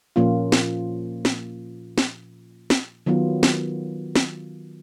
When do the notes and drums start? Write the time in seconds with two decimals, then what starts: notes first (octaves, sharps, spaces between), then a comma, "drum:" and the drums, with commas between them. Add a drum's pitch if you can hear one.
0.16 A#2 F3 A#3 C#4 F4
0.52 drum: snare
1.25 drum: snare
1.98 drum: snare
2.70 drum: snare
3.06 D#3 F#3 B3 F4
3.43 drum: snare
4.16 drum: snare